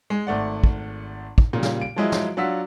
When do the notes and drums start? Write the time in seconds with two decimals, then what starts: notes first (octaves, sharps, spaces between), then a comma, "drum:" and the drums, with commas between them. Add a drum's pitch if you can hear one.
0.10 G#3
0.27 G#1 A3 D5 F#5
0.64 drum: kick
1.38 drum: kick
1.53 A#2 C#3 G3
1.63 drum: snare
1.82 D7
1.96 F3 F#3 G#3 E4 D#5
2.12 drum: snare
2.37 F#3 D4 F4 F#5 E6 B6